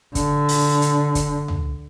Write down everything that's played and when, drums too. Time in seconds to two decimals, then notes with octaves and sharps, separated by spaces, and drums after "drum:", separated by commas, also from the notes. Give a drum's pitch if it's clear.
0.15 D3, drum: kick, hi-hat
0.49 drum: open hi-hat
0.82 drum: hi-hat
1.15 drum: kick, hi-hat
1.48 drum: tom